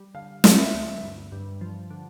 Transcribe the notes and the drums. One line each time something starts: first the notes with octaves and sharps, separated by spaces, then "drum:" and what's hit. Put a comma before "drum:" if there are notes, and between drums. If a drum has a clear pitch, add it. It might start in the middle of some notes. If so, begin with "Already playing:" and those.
Already playing: G3
D3 F5
C4, drum: snare
E5
D2
G2
G2
F3
D3